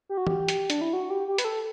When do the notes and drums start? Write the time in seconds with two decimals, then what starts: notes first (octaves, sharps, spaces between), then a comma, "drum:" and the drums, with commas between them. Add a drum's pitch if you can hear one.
0.09 G4
0.17 F#4
0.27 G4, drum: tom
0.48 drum: hi-hat
0.70 D4, drum: hi-hat
0.81 E4
0.93 F#4
1.10 G4
1.28 G4
1.38 B4, drum: hi-hat
1.44 A4